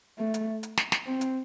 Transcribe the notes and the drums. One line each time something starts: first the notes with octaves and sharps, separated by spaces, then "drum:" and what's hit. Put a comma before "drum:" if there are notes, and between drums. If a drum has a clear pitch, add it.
A3
drum: hi-hat
drum: hi-hat
drum: snare
drum: snare
C4
drum: hi-hat